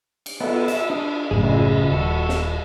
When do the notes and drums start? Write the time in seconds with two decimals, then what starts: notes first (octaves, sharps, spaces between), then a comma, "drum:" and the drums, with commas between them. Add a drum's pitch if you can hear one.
0.26 drum: cymbal
0.41 B3 A4, drum: cymbal
0.68 E5, drum: hi-hat
0.90 D4 D#6
1.31 F#1 A2 C#3 G#4
1.43 drum: cymbal
1.91 D#1 F#4 A4
2.29 drum: snare